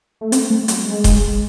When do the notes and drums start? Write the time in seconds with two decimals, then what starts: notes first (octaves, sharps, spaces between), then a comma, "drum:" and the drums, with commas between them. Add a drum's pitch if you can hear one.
0.21 A3
0.32 C4, drum: hi-hat
0.50 A3
0.68 F#3, drum: hi-hat
0.86 G#3
1.04 drum: kick D#1, hi-hat